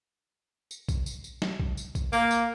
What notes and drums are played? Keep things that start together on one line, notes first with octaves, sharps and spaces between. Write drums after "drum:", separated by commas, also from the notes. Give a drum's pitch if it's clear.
drum: tambourine
drum: kick, tambourine
drum: tambourine
drum: tambourine
drum: snare
drum: kick
drum: tambourine
drum: kick, tambourine
A#3, drum: tambourine
drum: tambourine